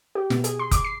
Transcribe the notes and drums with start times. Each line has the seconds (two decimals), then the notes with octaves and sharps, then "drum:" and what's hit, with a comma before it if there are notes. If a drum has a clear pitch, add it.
0.15 G4
0.30 B2, drum: snare
0.44 G#4, drum: hi-hat
0.59 C6
0.71 D6, drum: kick F#1, hi-hat
0.85 C7